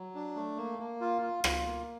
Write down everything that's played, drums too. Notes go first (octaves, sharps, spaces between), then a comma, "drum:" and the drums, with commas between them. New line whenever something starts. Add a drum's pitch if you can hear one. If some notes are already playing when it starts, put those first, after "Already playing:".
Already playing: F#3
D4
A3
A#3
A#3
F4
F4
F4, drum: rim click
A#3